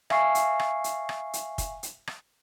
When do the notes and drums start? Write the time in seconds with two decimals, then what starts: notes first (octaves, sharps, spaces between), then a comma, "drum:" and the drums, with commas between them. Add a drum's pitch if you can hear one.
0.10 E5 F5 G#5 C#6 C7, drum: rim click
0.35 drum: hi-hat
0.59 drum: rim click
0.84 drum: hi-hat
1.09 drum: rim click
1.33 drum: hi-hat
1.58 drum: kick, hi-hat
1.83 drum: hi-hat
2.07 drum: rim click